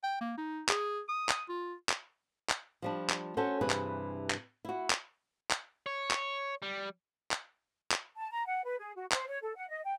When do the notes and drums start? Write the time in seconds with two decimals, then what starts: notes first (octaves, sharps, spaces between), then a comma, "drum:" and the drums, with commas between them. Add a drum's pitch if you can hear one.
0.03 G5
0.21 A#3
0.37 D#4
0.69 G#4, drum: clap
1.09 D#6
1.29 drum: clap
1.49 F4
1.89 drum: clap
2.50 drum: clap
2.82 F3 G3 D4
3.10 drum: clap
3.37 C#4 F#4 A4 C5
3.61 G2 C3 E3 G#4 B4
3.70 drum: clap
4.30 drum: clap
4.65 E4 F#4
4.90 drum: clap
5.51 drum: clap
5.86 C#5
6.11 drum: clap
6.62 G3
7.31 drum: clap
7.92 drum: clap
8.17 A5
8.31 A#5
8.46 F#5
8.64 B4
8.79 G#4
8.95 F#4
9.12 C5, drum: clap
9.28 C#5
9.42 A4
9.56 F#5
9.69 D#5
9.84 G5